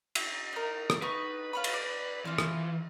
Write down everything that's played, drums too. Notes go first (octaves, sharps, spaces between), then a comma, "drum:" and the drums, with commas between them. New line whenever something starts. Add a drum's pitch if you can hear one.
drum: cymbal
D#4 A#4
drum: rim click
D#4 B4 C#6
F4 C#5 B5
drum: cymbal
D5
E3 C4 F4
drum: rim click